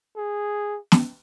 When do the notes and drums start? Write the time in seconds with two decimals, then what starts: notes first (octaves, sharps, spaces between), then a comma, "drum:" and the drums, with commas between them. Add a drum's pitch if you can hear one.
0.17 G#4
0.92 drum: snare